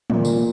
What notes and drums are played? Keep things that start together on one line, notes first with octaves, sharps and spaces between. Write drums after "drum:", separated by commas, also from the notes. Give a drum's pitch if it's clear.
A#2 A#3, drum: tom
drum: tambourine